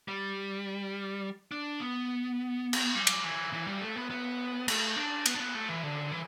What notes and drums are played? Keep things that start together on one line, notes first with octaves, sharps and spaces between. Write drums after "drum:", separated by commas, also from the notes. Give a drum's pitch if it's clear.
G3
D4
B3
drum: cymbal
G3
drum: cymbal
E3
E3
G3
A3
B3
B3
A3, drum: cymbal
D4
B3, drum: cymbal
D4
B3
A3
E3
D3
E3